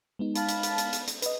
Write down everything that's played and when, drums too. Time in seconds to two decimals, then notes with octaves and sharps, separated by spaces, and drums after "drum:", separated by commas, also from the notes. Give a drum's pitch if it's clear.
0.19 G#3 B3 D#4
0.35 F5 A5 B5, drum: hi-hat
0.48 drum: hi-hat
0.63 drum: hi-hat
0.78 drum: hi-hat
0.93 drum: hi-hat
1.07 drum: hi-hat
1.22 B4 D#5, drum: hi-hat